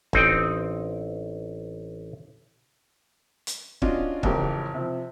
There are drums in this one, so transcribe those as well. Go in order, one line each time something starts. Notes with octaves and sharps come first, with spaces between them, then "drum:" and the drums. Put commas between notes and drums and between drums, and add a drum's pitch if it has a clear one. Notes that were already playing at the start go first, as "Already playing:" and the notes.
A1 C4 D#4 G5, drum: kick
drum: hi-hat
C#4 D4 F4 F#4 D#5, drum: kick
A1 F2 C#3 G4 A#4 G5, drum: kick
C3 F3